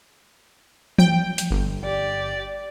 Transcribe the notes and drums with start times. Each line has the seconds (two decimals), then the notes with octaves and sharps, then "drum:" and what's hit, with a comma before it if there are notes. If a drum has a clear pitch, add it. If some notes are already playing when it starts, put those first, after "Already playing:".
0.98 G5, drum: tom E3
1.38 drum: hi-hat
1.51 G1
1.84 G4 D5